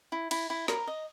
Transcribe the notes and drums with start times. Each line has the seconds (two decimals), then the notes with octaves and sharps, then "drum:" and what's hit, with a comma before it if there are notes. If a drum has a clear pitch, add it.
0.12 E4
0.31 E4, drum: cymbal
0.50 E4
0.68 A#4 A#5, drum: snare
0.87 D#5